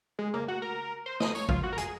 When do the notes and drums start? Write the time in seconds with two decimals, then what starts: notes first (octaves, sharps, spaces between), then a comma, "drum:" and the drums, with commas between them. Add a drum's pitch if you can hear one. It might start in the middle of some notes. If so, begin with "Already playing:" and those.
0.19 G#3
0.34 A#3, drum: tom
0.48 F#4
0.62 A#4
1.06 C5
1.20 D#5, drum: snare
1.35 C#5, drum: tambourine
1.49 F4, drum: kick G#1
1.63 F#4
1.73 A#4
1.78 G#4, drum: hi-hat